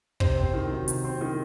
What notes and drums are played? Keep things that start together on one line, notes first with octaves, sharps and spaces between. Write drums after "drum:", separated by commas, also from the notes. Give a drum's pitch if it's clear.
C3 C5, drum: kick
C4
D#3
F#3
C3, drum: hi-hat
C4
D#3